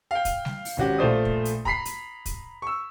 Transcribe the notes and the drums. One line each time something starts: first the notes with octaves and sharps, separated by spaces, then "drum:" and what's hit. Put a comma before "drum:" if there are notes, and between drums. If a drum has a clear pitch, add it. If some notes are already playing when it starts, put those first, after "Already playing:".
F5 G5
drum: kick, hi-hat
drum: snare
drum: open hi-hat
G#1 C#4 F#4 G4
A#1 A3 F4 C5 D5 D#6
drum: kick
drum: hi-hat
A#5 B5 B6 C7, drum: kick
drum: hi-hat
drum: kick, hi-hat
C#6 E6